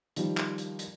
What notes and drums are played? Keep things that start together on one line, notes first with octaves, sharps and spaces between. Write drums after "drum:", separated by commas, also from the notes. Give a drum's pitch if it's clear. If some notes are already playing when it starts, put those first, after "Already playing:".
D#3 F3 G3, drum: hi-hat
drum: clap
drum: hi-hat
drum: hi-hat